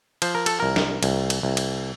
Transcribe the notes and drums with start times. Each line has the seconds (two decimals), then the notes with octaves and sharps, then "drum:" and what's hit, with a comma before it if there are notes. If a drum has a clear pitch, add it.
0.22 F3 C5, drum: cymbal
0.35 A#4
0.46 A4, drum: cymbal
0.60 C2 A#4
0.76 drum: snare
1.03 C2, drum: cymbal
1.30 drum: cymbal
1.43 C2
1.57 drum: cymbal